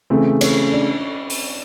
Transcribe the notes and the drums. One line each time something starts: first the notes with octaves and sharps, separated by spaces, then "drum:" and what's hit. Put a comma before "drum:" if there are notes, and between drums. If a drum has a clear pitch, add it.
C#3 E3 A3 C4
C#4, drum: cymbal
D4
drum: open hi-hat